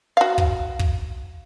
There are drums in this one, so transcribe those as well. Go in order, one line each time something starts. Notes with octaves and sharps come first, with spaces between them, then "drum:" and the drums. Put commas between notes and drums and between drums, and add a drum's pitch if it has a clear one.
F#4 F5
drum: kick
drum: kick